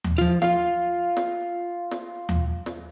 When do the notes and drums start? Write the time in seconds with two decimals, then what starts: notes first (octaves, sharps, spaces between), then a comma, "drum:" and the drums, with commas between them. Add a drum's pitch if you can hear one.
0.04 drum: tom D#2
0.18 F3 F4
0.42 F4 F5, drum: snare
1.17 drum: snare
1.91 drum: snare
2.29 drum: tom D#2
2.66 drum: snare